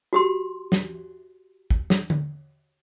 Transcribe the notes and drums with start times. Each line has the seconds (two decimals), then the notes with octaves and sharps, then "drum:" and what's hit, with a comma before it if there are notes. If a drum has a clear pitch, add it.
0.13 F#4 G4 C6
0.72 drum: snare
1.70 drum: kick
1.90 drum: snare
2.10 drum: tom D3